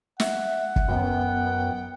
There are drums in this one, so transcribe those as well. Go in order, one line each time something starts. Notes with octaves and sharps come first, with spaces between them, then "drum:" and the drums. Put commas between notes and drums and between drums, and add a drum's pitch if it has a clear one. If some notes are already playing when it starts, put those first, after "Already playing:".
E5 F#5, drum: snare
drum: kick
F#2 B3 G5